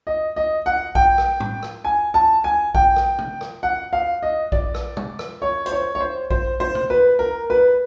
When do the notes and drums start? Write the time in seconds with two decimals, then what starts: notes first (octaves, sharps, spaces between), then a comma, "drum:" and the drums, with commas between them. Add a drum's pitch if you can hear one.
0.07 D#5
0.36 D#5
0.66 F#5
0.95 G5, drum: kick A#1
1.18 drum: rim click
1.40 drum: tom A2
1.63 drum: rim click
1.85 G#5
2.14 A5
2.44 G#5
2.75 G5, drum: kick A#1
2.96 drum: rim click
3.19 drum: tom C3
3.41 drum: rim click
3.63 F#5
3.93 F5
4.23 D#5
4.52 D5, drum: kick A#1
4.74 drum: rim click
4.97 drum: tom
5.19 drum: rim click
5.42 C#5
5.66 C5, drum: hi-hat
5.72 C#5
5.95 C#5
6.01 C5
6.31 C5, drum: kick A#1
6.60 C5
6.75 drum: tom C3
6.90 B4
7.19 A#4
7.50 B4